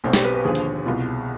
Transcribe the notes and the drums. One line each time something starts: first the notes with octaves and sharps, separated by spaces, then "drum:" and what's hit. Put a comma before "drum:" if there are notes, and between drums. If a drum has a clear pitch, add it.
B1 B2 C4
G4, drum: snare
B4
B4
D#2 D3 F3 G#4
drum: hi-hat
C2 B2 F4